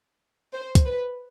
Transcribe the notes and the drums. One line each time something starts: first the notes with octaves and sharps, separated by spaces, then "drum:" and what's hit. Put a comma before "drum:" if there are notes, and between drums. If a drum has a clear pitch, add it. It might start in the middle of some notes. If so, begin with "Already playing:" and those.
C5
drum: kick, hi-hat
B4